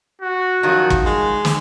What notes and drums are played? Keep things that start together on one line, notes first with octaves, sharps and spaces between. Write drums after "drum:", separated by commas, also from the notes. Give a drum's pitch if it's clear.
F#4
F#2 D#3 F3 G3
drum: kick
G#3
drum: snare